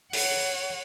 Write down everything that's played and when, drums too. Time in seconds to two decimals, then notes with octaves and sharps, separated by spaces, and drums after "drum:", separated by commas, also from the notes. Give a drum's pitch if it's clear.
0.13 C#5 F#5, drum: open hi-hat